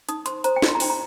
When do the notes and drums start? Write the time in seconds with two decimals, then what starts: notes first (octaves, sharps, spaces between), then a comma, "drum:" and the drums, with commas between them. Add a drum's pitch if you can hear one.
0.09 D#4 D#6, drum: hi-hat
0.26 C5 C6, drum: hi-hat
0.44 C5 A#5, drum: hi-hat
0.56 G5
0.62 D#4, drum: snare
0.68 C6
0.75 A#5
0.80 C5 G5, drum: open hi-hat
0.90 A#5